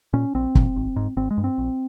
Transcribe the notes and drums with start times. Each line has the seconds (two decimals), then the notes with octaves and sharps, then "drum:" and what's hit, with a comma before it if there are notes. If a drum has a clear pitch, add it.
0.13 A#2 C#4
0.35 A#1 C4
0.55 A#2, drum: kick
0.76 G#1
0.96 G#2
1.17 G#1 C4
1.31 G#3
1.38 G2
1.44 C4
1.58 A#1